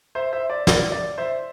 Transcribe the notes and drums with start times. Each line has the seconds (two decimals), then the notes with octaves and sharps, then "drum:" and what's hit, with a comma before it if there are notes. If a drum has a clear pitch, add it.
0.15 C5 E5
0.33 C5 E5
0.50 D5
0.67 D5, drum: snare
0.92 D5
1.18 C5 E5